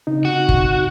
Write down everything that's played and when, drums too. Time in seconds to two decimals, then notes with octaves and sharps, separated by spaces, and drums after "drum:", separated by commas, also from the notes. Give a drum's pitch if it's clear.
0.07 C#3 C4 D#4
0.25 F#4
0.49 drum: kick